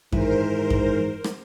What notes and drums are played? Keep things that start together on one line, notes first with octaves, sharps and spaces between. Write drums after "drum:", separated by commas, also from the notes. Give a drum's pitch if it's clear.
G#2 D#3 E3 A#4 C5, drum: kick F#2
drum: kick F#2
drum: rim click